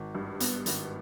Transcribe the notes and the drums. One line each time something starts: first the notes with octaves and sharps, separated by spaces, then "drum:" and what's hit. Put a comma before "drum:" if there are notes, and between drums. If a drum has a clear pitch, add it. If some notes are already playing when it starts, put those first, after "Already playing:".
Already playing: G#1
G2
B3, drum: hi-hat
G#1, drum: hi-hat